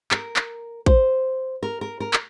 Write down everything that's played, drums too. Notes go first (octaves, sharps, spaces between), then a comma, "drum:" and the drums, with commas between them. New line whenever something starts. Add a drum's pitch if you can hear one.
A#4, drum: clap
drum: clap
C5, drum: kick
A#4
A#4
A#4
drum: clap